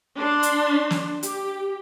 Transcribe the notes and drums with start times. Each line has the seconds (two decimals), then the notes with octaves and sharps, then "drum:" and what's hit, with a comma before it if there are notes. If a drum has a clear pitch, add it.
0.18 D4 C6
0.43 drum: hi-hat
0.90 drum: snare
1.23 G4, drum: hi-hat